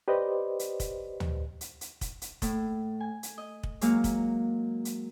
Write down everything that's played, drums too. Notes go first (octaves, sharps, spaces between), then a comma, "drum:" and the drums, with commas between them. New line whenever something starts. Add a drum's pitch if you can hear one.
G4 B4 C5 D5 D#5
drum: hi-hat
drum: kick, hi-hat
drum: tom
drum: hi-hat
drum: hi-hat
drum: kick, hi-hat
drum: hi-hat
A2, drum: kick, hi-hat
G#5
drum: hi-hat
D#5
drum: kick
F#3 G#3 A#3 C#5 F5, drum: hi-hat
drum: kick, hi-hat
drum: hi-hat